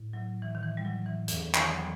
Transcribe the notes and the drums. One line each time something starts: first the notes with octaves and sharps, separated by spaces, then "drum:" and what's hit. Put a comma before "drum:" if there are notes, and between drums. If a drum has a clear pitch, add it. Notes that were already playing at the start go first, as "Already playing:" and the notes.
Already playing: A2
F#3
E3
D#3
E3
G3
F#3
E3
E2 E3, drum: hi-hat
D#3, drum: clap
E3
F#3